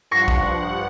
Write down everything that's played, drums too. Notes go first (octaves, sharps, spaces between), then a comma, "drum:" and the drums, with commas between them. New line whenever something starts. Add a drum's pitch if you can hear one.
G2 F3 F#5 C#6 A#6 C7
drum: kick